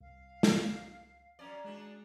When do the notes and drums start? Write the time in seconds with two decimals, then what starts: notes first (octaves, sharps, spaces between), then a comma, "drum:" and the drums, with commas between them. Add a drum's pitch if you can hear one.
0.01 C2 F5
0.43 drum: snare
1.39 F#2 C#4 D5
1.65 G#3 D4 D#4 F#4 G#4